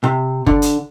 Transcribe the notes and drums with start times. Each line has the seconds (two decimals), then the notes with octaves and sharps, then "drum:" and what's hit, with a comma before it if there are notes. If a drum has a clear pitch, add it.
0.04 C3
0.46 D3, drum: kick F#1
0.62 drum: hi-hat